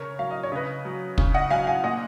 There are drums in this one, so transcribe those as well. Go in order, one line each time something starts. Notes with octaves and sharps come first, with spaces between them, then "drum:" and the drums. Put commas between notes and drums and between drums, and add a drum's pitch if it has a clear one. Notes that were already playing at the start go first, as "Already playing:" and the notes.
Already playing: C#3 A#4 C#5
F#3 F5
D#5
C#5
C#3 B4 D#5
F#3
C#3, drum: kick
D#5 F#5
F#3 F5 G#5
F5 G#5
A#2 D#5 F#5